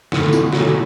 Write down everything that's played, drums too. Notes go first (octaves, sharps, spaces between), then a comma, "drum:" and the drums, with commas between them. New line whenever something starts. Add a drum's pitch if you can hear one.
A2 D3, drum: snare
B2 E3, drum: tambourine
D3 F#3, drum: snare